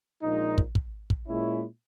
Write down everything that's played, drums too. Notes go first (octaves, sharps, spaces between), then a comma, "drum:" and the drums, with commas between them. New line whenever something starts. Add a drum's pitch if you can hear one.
A#1 A#2 G#3 D#4
drum: kick
drum: kick
drum: kick
A#2 G#3 C#4 E4